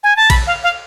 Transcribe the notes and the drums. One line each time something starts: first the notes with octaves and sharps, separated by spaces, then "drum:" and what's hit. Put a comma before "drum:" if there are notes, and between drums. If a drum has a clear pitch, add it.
G#5
A5
B5, drum: kick A1, cymbal
F5
F5